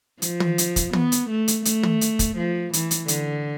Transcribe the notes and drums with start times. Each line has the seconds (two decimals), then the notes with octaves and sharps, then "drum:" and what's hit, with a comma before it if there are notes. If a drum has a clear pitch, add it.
0.22 F3, drum: hi-hat
0.40 drum: tom
0.58 drum: hi-hat
0.76 drum: kick, hi-hat
0.93 B3, drum: tom
1.12 drum: hi-hat
1.30 A3
1.48 drum: hi-hat
1.65 A3, drum: hi-hat
1.83 drum: tom
2.01 drum: hi-hat
2.19 drum: kick, hi-hat
2.37 F3
2.73 E3, drum: hi-hat
2.91 drum: hi-hat
3.08 D3, drum: hi-hat